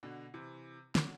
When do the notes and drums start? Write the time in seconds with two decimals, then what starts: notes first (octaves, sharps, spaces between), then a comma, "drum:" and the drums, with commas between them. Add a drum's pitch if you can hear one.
0.03 B2 D3
0.34 C3 E3
0.95 D3 F#3, drum: snare